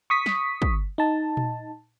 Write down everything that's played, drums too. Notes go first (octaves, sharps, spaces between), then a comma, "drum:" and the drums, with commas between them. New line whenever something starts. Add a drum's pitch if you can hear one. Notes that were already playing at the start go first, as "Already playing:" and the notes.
C#6 D#6 B6
drum: snare
drum: kick
D#4 A5
drum: tom A#2